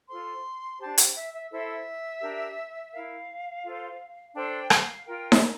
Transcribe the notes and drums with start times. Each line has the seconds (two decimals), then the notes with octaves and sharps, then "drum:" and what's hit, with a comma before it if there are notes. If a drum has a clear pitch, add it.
0.08 F4 A4 C5 C6
0.80 D4 G4 C5 A5
0.98 G5, drum: hi-hat
1.16 E5
1.33 E5
1.51 E4 A4 C5 E5
2.22 D4 G4 A#4
2.92 E4 A#4 F5
3.64 F4 A4 C5
4.34 D4 A4 C5 G5
4.70 F5, drum: rim click
5.06 F4 A#4 G5
5.32 drum: snare D#4
5.41 A#5